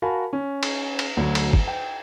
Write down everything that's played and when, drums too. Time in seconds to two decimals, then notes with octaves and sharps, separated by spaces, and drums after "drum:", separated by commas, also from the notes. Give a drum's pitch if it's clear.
0.02 F#4 A#4 F5 G#5 A5 B5
0.33 C#4
0.63 drum: cymbal
0.99 drum: cymbal
1.17 D2 D3 F#3
1.35 drum: cymbal
1.53 drum: kick
1.68 G5